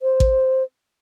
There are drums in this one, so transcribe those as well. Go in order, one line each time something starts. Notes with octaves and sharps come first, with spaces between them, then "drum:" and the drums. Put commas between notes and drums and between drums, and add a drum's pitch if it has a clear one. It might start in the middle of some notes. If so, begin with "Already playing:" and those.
C5
drum: kick A1